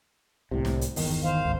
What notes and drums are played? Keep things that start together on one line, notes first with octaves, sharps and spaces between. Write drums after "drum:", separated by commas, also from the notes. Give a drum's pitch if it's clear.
C2 A2 C3
C2, drum: snare
drum: hi-hat
G1 E2 D#3, drum: open hi-hat
D#3 C5 F5
G#1 D2